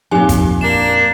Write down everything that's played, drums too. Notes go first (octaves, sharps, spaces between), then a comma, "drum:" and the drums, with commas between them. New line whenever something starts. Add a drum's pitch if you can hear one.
F2 A#2 D#4 G4 G#5
drum: kick, hi-hat
A#3 D4 E7